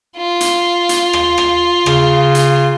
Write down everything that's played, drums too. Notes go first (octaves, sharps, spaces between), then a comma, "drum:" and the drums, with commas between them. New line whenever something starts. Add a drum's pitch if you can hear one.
F4
drum: hi-hat
drum: hi-hat
drum: rim click
drum: rim click
C#3, drum: rim click
drum: hi-hat